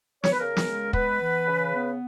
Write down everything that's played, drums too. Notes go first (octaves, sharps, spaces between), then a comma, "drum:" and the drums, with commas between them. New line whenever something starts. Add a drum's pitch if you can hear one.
C#5, drum: snare
B4
C#3 A#4
drum: snare
G#3
B3 B4, drum: kick
E3
C#3
B3